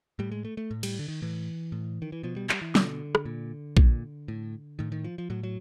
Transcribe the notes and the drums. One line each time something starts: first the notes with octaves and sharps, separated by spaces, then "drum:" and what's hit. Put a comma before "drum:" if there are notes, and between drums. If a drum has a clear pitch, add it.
A2 G3
G#3
A3
A3
A2
G3, drum: cymbal
D3
D#3
A2 E3
A2
D#3
E3
B2 F3
G3
G3, drum: clap
E3
B2 D3, drum: snare
drum: rim click
A#2
A#2, drum: kick A#1
A2
A2 D#3
D#3
F3
F3
A2 F#3
F#3